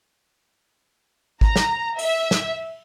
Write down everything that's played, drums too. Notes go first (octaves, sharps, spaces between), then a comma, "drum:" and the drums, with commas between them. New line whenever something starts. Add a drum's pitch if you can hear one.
A#5, drum: kick G#1
drum: snare
E5, drum: open hi-hat
drum: snare